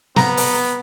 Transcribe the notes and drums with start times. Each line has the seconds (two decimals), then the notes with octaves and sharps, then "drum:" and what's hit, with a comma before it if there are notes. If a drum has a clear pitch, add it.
0.16 B3 A#5, drum: snare
0.37 drum: open hi-hat